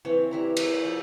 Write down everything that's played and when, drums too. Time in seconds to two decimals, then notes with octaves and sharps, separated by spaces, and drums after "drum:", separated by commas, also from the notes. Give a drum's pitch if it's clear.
0.05 E3 C4 C#5
0.31 G3 E4 A#5
0.57 G#4 A#4 C5 C#5, drum: cymbal
0.85 F3